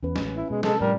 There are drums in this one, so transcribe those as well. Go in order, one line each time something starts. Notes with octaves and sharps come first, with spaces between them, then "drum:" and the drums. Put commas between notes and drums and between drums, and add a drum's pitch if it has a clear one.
E2 C#4 B4
A1 G#3 C#4, drum: snare
E4
B2 G#3
C3 G#3 A4, drum: snare
A2 F3 G3 A#4